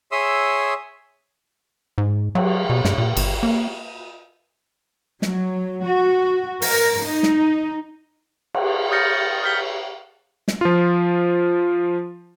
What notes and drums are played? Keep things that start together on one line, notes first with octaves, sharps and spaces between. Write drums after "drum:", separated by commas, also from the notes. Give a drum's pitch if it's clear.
G#4 C#5 E5 C6 D#6 E6
G#2
F#3, drum: cymbal
B2
G2, drum: snare
A#2
G1, drum: cymbal
A#3
F#3, drum: snare
F#4
A#4, drum: open hi-hat
D#4
drum: snare
drum: cymbal
D#6 F6 G6 A6 A#6 C#7
D#6 F6 G6 B6 G7
drum: snare
F3 F4